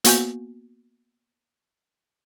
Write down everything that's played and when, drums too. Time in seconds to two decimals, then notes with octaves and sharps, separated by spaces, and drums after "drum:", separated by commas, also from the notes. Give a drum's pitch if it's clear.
0.04 A#3 B3 F#4 G#5 G6, drum: hi-hat